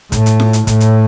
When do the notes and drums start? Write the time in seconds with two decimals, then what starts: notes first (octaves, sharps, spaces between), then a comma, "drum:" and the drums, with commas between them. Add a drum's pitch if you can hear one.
0.12 A2, drum: kick, hi-hat
0.26 drum: hi-hat
0.40 drum: snare F4
0.53 drum: hi-hat
0.67 A2, drum: kick, hi-hat
0.80 drum: hi-hat